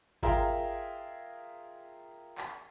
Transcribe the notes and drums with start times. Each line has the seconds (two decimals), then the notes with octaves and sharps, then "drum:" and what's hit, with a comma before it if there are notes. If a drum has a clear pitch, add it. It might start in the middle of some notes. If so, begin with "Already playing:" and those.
0.23 F4 G#4 A#4 E5 G5 A#5, drum: kick G#1
2.38 drum: clap